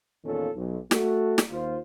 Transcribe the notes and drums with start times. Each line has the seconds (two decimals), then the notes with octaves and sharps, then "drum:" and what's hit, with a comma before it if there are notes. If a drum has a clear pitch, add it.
0.24 E2 A#2 D#3 C#4 F4 A4
0.55 B1
0.91 A3 F#4 A4, drum: snare
1.38 drum: snare
1.50 D#2 F4 C5